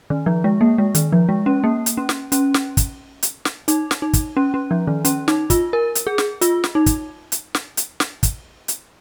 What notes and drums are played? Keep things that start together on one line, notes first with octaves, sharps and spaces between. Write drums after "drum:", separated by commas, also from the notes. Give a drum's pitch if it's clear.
D#3
F3
G#3
A#3
G#3
D#3, drum: hi-hat
F3
G#3
C#4
A#3
drum: hi-hat
C#4
drum: snare
C#4, drum: hi-hat
drum: snare
drum: kick, hi-hat
drum: hi-hat
drum: snare
D#4, drum: hi-hat
drum: snare
D#4
drum: kick, hi-hat
C#4
C#4
F3
D#3
C#4, drum: hi-hat
D#4, drum: snare
F4, drum: kick, hi-hat
A#4
drum: hi-hat
G#4
drum: snare
F4, drum: hi-hat
drum: snare
D#4
drum: kick, hi-hat
drum: hi-hat
drum: snare
drum: hi-hat
drum: snare
drum: kick, hi-hat
drum: hi-hat